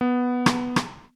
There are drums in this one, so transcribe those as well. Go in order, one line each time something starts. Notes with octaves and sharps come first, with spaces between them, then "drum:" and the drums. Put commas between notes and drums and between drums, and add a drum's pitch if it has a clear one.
B3
drum: rim click
drum: rim click